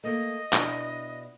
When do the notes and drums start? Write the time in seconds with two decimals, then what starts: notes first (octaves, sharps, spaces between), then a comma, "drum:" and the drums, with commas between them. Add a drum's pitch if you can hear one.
0.04 A3 A#3 D#5
0.53 B2 D4 E4, drum: clap